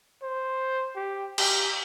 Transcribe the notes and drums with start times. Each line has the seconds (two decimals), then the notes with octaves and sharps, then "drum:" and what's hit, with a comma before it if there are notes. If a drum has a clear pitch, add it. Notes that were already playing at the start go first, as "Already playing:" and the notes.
0.22 C5
0.96 G4
1.38 G4, drum: cymbal